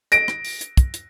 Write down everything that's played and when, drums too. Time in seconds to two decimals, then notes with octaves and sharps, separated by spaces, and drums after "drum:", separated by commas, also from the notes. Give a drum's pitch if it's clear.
0.12 A#6 D7, drum: hi-hat
0.28 drum: rim click
0.45 drum: open hi-hat
0.61 drum: hi-hat
0.77 drum: kick, hi-hat
0.94 drum: hi-hat